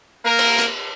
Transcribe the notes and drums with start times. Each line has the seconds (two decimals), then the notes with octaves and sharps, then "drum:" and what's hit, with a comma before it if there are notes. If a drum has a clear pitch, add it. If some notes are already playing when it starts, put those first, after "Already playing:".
0.25 A#3 A#4
0.39 drum: cymbal
0.58 drum: hi-hat